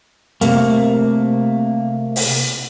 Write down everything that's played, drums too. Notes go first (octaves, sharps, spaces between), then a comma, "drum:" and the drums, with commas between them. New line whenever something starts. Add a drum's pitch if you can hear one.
C3 A3 A#3, drum: hi-hat
drum: open hi-hat